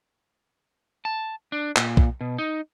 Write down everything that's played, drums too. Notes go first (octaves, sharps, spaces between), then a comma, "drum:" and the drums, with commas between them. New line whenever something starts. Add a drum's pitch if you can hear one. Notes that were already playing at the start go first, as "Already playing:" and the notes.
A5
D4
A#2, drum: clap
drum: kick
B2
D#4